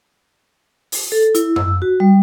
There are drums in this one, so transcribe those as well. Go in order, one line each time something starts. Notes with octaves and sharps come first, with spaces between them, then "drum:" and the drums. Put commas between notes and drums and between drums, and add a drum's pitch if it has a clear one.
drum: open hi-hat
A4
E4, drum: hi-hat
E6, drum: tom F#2
F#4
G3